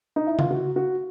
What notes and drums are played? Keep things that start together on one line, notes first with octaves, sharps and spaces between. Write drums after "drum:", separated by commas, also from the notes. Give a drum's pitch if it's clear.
D#4
E4
F4, drum: tom C#3
F#4
F#4